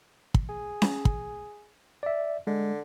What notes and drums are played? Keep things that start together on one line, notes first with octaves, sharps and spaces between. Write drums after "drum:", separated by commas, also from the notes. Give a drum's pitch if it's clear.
drum: kick
G#4
drum: snare C#4
drum: kick
D5 E5
D3 G#3